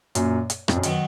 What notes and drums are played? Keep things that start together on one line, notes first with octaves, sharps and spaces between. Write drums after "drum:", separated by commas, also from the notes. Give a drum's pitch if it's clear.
F#2 A#2, drum: hi-hat
drum: hi-hat
F2, drum: rim click
F#2
D#3 F#3 B3, drum: hi-hat